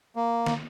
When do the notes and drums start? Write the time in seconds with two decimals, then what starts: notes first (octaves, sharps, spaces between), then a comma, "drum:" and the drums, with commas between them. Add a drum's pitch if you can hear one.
0.16 A#3
0.46 drum: snare